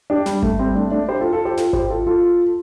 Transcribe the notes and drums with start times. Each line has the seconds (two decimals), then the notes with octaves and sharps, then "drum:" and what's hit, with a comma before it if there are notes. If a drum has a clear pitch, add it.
0.10 D4 G4
0.26 G3, drum: snare
0.43 A3, drum: kick G#1
0.59 G3 C4
0.75 A3 D4
0.91 A3 D4
1.08 G4 C5
1.20 F4 A4
1.33 F4 A4
1.45 G4 C5
1.57 F4 A4, drum: snare
1.73 G4 C5, drum: kick G#1
1.90 F4 A4
2.06 F4 A4